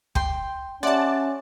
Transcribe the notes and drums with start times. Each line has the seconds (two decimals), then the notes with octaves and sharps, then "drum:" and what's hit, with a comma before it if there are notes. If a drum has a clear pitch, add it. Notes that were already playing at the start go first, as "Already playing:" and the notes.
0.15 G5 C6, drum: kick
0.83 C#4 G4 D5 E5 F#5 A5 C6